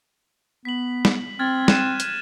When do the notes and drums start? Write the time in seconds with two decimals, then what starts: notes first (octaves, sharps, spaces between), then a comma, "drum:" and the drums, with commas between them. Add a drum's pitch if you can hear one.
0.65 B3 B6 F#7
1.05 drum: snare
1.39 C4 F6 G#6 A6
1.68 F#6 D#7 E7, drum: snare
2.00 drum: hi-hat